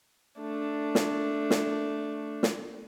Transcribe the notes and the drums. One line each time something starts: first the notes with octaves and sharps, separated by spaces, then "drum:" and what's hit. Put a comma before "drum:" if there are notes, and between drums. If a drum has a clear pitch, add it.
A3 D4
drum: snare
drum: snare
drum: snare